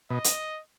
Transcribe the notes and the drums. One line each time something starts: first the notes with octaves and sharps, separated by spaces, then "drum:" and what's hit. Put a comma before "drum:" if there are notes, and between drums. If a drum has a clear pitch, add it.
B2 D#5
drum: hi-hat